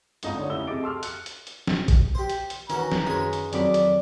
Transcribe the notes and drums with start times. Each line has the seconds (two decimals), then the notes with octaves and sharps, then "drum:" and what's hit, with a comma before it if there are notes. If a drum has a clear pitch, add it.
0.23 G#1 C#2 D#4 F4 A#5 D#6, drum: hi-hat
0.35 D3 D4 C#5
0.49 F1 C#3 E4 G4 E6 G7
0.67 C3 G#4 D#5 D6 A6 D7
0.81 G4 A4 C6 E6 F6
1.03 F#6 C#7, drum: hi-hat
1.26 drum: hi-hat
1.47 drum: hi-hat
1.67 drum: snare
1.88 drum: kick A1, hi-hat
2.15 G4 C5
2.29 drum: hi-hat
2.50 drum: hi-hat
2.70 D#3 E3 C#4 F#4 A#5, drum: hi-hat
2.92 drum: snare
3.06 F#2 G#3 C#5 G#5 B5
3.33 drum: hi-hat
3.53 F2 D#3 F#3 D5 B5 D6, drum: hi-hat
3.74 drum: hi-hat